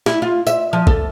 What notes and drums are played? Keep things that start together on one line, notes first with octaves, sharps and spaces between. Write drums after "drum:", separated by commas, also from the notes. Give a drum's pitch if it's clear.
E4, drum: snare
F4
E5, drum: tambourine
F3
A4, drum: kick